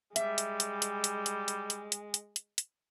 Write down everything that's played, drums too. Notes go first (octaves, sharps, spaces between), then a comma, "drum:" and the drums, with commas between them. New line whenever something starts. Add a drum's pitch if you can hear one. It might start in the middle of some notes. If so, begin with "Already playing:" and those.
G3 G#3 E5, drum: hi-hat
drum: hi-hat
drum: hi-hat
drum: hi-hat
drum: hi-hat
drum: hi-hat
drum: hi-hat
drum: hi-hat
drum: hi-hat
drum: hi-hat
drum: hi-hat
drum: hi-hat